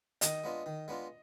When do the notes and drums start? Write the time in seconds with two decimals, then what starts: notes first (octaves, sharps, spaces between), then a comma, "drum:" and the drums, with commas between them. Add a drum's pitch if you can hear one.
0.21 D#3 D#5, drum: hi-hat
0.44 G#3 B3 D4 F4
0.66 D#3
0.88 G#3 B3 D4 F4